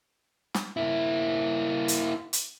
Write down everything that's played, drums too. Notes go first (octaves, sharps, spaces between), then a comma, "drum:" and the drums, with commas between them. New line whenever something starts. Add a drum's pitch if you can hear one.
drum: snare
A#3 E4
drum: hi-hat
drum: hi-hat